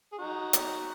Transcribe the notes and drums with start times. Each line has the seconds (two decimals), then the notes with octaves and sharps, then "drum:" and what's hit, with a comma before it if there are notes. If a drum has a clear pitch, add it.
0.12 G#4
0.18 D#4 F#4
0.53 drum: hi-hat